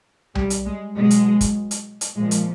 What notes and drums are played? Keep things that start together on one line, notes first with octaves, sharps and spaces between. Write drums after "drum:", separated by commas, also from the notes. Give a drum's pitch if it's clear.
G3, drum: tom C2
drum: hi-hat
G#3
B2 F#3 G#3
drum: hi-hat
drum: kick, hi-hat
drum: hi-hat
drum: hi-hat
A#2 F3 G#3
drum: hi-hat